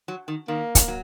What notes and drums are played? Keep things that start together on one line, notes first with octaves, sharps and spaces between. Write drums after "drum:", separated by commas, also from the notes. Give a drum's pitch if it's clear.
F#3
D#3
D#3 A#3
drum: kick, hi-hat
F#3